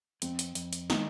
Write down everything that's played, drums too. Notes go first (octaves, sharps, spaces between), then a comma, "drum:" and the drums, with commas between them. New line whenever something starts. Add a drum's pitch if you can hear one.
F2 C4, drum: hi-hat
drum: hi-hat
F2, drum: hi-hat
drum: hi-hat
D#3 D#4, drum: snare